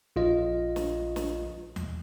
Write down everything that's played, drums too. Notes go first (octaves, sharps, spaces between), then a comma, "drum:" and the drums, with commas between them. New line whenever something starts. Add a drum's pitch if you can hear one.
A#1 F4 D#5
drum: snare
drum: snare
drum: tom D#2